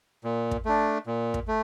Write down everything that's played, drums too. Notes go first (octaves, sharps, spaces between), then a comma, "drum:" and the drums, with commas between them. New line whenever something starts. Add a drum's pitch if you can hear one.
A#2
drum: kick
A3 D4
A#2
drum: kick
A3